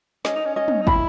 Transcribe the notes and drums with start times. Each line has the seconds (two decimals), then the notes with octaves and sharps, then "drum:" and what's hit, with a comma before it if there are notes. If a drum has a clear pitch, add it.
0.25 C#4 D#5, drum: snare
0.36 D#4
0.45 C#4
0.56 C#4 D#5
0.68 drum: tom
0.81 D#4
0.87 E4 B5, drum: kick